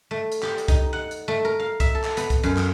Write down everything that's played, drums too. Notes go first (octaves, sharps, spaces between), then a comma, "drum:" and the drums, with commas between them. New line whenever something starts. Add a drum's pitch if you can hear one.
A3
drum: hi-hat
G4, drum: clap
drum: hi-hat
D#4, drum: kick C2, hi-hat
F#5
drum: hi-hat
A3
A#4
F5
E5, drum: kick C2, hi-hat
A4
drum: clap
B3, drum: hi-hat
drum: kick C2, hi-hat
F#2, drum: hi-hat
drum: clap